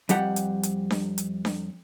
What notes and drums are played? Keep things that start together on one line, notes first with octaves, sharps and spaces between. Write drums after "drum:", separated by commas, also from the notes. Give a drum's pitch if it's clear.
F2 G3 G4 F#5, drum: hi-hat
drum: hi-hat
drum: hi-hat
drum: snare D4
drum: hi-hat
drum: snare D4